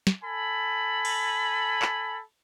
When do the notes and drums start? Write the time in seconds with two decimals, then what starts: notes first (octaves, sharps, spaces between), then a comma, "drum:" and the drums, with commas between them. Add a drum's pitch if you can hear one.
0.07 drum: snare
0.24 A4 G#5 B5
1.05 drum: cymbal
1.82 drum: clap